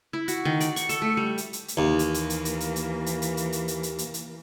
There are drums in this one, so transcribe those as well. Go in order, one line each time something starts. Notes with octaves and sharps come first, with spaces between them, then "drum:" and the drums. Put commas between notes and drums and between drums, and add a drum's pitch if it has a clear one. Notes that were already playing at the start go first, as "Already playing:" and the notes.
E4
F#4, drum: hi-hat
D#3
D5, drum: hi-hat
C#6, drum: hi-hat
A4, drum: hi-hat
A3
G3
drum: hi-hat
drum: hi-hat
drum: hi-hat
D#2 E3 A#3
drum: hi-hat
drum: hi-hat
drum: hi-hat
drum: hi-hat
drum: hi-hat
drum: hi-hat
drum: hi-hat
drum: hi-hat
drum: hi-hat
drum: hi-hat
drum: hi-hat
drum: hi-hat
drum: hi-hat
drum: hi-hat